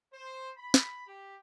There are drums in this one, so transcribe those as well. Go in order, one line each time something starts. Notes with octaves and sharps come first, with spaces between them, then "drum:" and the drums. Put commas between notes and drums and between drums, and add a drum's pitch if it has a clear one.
C5
B5
drum: snare
G4